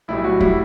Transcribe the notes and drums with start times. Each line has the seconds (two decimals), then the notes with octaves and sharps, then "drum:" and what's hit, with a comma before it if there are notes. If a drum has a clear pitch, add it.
0.08 B1 A2 G3 E4
0.24 F#3 F#4
0.40 A2 G3 E4, drum: kick